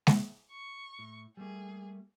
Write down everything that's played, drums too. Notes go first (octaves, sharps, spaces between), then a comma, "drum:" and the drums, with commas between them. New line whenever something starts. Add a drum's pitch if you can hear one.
drum: snare
C#6
A2
G3 A3 A#3 G#4